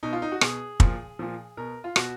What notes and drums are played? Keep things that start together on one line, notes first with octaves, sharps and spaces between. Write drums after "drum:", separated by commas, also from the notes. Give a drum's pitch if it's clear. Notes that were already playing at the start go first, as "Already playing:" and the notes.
B2 D#4
F4
D#4
F#4
B2 G#4, drum: rim click
A#2 F3, drum: kick
A#2 F3
B2 A#4
F4
B2 F#4, drum: rim click